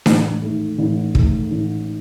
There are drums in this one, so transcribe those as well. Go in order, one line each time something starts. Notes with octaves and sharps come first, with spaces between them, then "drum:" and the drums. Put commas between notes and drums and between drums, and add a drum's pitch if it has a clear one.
A1, drum: snare D4
G#2 D#3 A3
A1
G#2 D#3 A3, drum: kick
A1